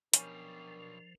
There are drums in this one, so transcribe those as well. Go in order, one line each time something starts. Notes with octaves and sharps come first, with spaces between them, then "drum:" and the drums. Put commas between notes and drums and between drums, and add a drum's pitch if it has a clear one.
B1 B2 F3 G3 C#4 D4 G4 A#4, drum: hi-hat